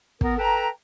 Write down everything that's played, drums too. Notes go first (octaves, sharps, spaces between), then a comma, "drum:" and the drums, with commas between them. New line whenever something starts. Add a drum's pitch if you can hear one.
B3 A#4, drum: kick
A4 B4 G5 A5 A#5